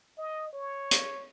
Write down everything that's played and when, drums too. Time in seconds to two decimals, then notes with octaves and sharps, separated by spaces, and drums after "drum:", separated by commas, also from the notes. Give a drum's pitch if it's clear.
0.18 D#5
0.53 C#5
0.91 drum: hi-hat